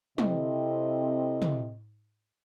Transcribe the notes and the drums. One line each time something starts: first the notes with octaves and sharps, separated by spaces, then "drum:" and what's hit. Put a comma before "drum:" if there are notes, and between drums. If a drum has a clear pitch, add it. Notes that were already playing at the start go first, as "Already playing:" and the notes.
C3 C4 E4 A4 D#5, drum: tom
drum: tom